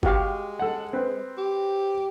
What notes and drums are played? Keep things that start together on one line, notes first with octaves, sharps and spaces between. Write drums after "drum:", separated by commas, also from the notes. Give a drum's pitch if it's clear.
G#3 F#4 G4 F5, drum: kick G1
A4 F#5
C4 B4
G4